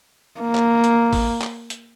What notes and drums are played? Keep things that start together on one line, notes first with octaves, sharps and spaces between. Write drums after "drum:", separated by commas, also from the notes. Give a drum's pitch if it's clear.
A#3
drum: clap
drum: hi-hat
drum: kick A1, open hi-hat
drum: clap
drum: hi-hat